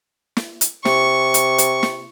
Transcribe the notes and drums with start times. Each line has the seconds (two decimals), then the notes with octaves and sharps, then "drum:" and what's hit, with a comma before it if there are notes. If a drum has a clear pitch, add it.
0.37 drum: snare
0.61 drum: hi-hat
0.85 C3 C#6, drum: snare
1.34 drum: hi-hat
1.58 drum: hi-hat
1.83 drum: snare